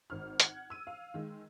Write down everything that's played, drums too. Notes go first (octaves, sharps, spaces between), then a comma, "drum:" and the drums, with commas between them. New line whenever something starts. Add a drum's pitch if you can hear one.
G#1 F6
F#5 G#6, drum: hi-hat
E6 D#7
F5
D#3 G#3